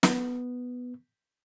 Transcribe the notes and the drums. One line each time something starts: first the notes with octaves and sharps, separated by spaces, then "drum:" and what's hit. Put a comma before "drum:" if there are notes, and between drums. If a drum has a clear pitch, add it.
B3, drum: snare